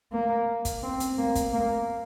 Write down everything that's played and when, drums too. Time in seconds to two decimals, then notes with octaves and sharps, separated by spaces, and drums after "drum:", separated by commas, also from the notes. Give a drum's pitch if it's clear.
0.12 A#3
0.65 drum: kick, hi-hat
0.83 C4
1.00 drum: hi-hat
1.18 A#3
1.35 drum: kick, hi-hat
1.53 A#3